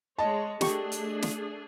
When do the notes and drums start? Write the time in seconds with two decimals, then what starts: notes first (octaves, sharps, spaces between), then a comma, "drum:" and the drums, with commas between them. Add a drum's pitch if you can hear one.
0.18 G#3 C#5 D#5 A5
0.61 A3 D4 G4 G#4 C#6, drum: snare
0.92 drum: hi-hat
1.22 drum: snare